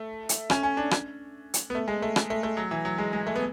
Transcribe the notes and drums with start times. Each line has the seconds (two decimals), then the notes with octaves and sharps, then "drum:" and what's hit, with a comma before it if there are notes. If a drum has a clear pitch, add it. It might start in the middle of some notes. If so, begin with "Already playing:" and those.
Already playing: A3
0.29 drum: hi-hat
0.50 C#4, drum: rim click
0.63 C#4
0.77 D4
0.91 drum: rim click
1.54 drum: hi-hat
1.70 B3
1.75 A3
1.88 G#3
2.02 A3
2.16 drum: rim click
2.30 A3
2.43 A3
2.57 F#3
2.71 E3
2.85 F#3
2.98 G#3
3.13 G#3
3.27 A3
3.36 B3